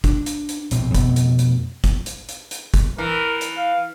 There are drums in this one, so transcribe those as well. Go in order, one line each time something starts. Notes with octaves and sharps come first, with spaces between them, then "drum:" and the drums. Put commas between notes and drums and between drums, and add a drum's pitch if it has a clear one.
D4, drum: kick, hi-hat
drum: hi-hat
drum: hi-hat
A#1 B2 C4, drum: hi-hat
F2 B2 A3, drum: kick, hi-hat
drum: hi-hat
drum: hi-hat
drum: kick, hi-hat
drum: hi-hat
drum: hi-hat
drum: hi-hat
drum: kick, hi-hat
E3 A#4
drum: hi-hat
F5